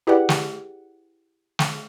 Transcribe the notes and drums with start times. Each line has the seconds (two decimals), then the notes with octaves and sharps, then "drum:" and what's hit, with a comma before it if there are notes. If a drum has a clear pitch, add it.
0.07 E4 G4 G#4 B4 D5 F#5
0.29 drum: snare
1.59 drum: snare